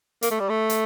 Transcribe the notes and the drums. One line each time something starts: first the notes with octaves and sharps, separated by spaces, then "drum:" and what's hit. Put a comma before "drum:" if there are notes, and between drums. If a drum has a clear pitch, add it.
A#3, drum: hi-hat
A3
G3
A3
drum: hi-hat